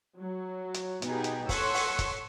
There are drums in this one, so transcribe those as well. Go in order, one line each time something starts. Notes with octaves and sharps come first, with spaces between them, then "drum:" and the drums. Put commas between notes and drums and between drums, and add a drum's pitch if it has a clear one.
F#3
drum: hi-hat
B2 B3 D#4 G4 G#4, drum: hi-hat
drum: hi-hat
A4 C#5 F#5 C6 C#6 E6, drum: kick, open hi-hat
drum: open hi-hat
drum: kick, hi-hat